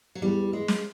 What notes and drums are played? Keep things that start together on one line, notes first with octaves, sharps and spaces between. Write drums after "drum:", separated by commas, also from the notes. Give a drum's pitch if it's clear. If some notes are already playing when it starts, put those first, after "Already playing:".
F#3
E2 G3
G#3
drum: snare